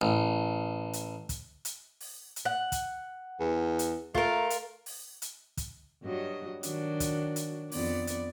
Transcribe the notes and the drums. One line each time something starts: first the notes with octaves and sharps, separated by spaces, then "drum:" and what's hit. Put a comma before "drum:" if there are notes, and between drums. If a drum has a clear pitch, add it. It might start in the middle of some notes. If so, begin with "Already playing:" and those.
A1
drum: hi-hat
drum: kick, hi-hat
drum: hi-hat
drum: open hi-hat
drum: hi-hat
F#5
drum: kick, hi-hat
E2
drum: hi-hat
A3 F4 A#4, drum: kick
drum: hi-hat
drum: open hi-hat
drum: hi-hat
drum: kick, hi-hat
G2 F#3 D#5
D#3 F#3 D4, drum: hi-hat
drum: kick, hi-hat
drum: hi-hat
F2 B3 D5, drum: open hi-hat
drum: hi-hat